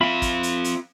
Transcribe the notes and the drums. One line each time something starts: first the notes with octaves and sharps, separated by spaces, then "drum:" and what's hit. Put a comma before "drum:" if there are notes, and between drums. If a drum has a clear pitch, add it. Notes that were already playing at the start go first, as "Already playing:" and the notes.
C4 F4 E5 F5 B5
drum: kick, hi-hat
drum: hi-hat
drum: hi-hat